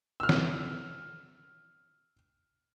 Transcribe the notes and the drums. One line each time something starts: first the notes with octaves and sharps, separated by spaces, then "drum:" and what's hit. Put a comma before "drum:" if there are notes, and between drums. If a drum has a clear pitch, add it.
E6 F6
drum: snare